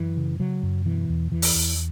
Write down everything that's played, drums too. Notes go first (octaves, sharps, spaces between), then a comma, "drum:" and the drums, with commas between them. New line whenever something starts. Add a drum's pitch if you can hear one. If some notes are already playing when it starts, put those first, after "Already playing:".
Already playing: F#2 E3
C#3
C#3 F#3
F#2
B2 E3
E2
E2 E3
drum: open hi-hat
E2